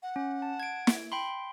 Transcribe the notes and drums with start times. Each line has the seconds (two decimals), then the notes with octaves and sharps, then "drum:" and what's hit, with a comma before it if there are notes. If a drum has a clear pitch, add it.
0.03 F#5
0.16 C#4
0.42 A5
0.60 G#6 D7
0.87 drum: snare
1.12 G5 B5 C6